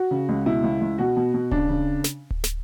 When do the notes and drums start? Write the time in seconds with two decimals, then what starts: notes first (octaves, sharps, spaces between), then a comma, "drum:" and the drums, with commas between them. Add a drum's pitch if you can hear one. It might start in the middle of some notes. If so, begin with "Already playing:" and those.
Already playing: F#4
0.11 C#3
0.29 C#2
0.46 B2 E4
0.64 C#2
0.81 C#2
0.98 B2 F#4
1.16 B2
1.34 B2
1.51 C#3 D4, drum: kick D1
1.69 C#3
2.04 drum: snare
2.30 drum: kick D1
2.44 drum: snare